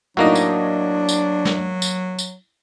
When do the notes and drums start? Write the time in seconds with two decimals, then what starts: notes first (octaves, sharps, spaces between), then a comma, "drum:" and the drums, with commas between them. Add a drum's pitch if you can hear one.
0.17 A2 F#3 A#3 D4 D#4 F#4
0.35 drum: tambourine
1.09 drum: tambourine
1.45 drum: snare
1.82 drum: tambourine
2.19 drum: tambourine